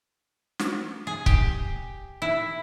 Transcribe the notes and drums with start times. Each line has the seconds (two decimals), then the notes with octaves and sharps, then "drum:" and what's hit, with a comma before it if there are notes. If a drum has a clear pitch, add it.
0.59 drum: snare
1.07 G#4
1.26 G4, drum: kick
2.22 E4